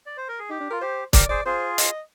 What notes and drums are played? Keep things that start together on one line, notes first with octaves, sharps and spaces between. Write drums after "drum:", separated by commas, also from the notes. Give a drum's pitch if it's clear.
D5
C5
A#4
G#4
D#4 G4
D4
F4 A#4
G4 C5
G4 A#4 D5, drum: kick, hi-hat
G#4 C5 D5
F4 G#4 C5
D#5, drum: hi-hat